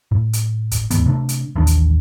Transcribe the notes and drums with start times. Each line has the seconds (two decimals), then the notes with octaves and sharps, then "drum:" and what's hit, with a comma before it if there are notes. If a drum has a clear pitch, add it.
0.11 A2
0.33 drum: hi-hat
0.71 drum: kick, hi-hat
0.91 D1 E2 G#2 B3, drum: hi-hat
1.06 C3 A3 D4
1.29 drum: hi-hat
1.56 A1 D#2 D4
1.67 drum: hi-hat